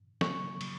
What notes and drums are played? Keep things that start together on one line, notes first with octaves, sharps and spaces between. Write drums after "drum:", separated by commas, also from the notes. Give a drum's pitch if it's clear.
C#3 F#3 A#3 C#6, drum: snare
C#3 F#3, drum: cymbal